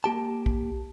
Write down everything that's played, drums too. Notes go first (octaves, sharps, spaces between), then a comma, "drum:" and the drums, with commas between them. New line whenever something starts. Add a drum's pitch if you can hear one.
A#3 G4 A5
drum: kick